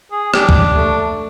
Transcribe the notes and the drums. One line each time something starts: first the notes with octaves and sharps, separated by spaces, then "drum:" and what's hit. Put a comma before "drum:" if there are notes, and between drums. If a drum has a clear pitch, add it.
G#4
D4 G4, drum: rim click
drum: kick
A3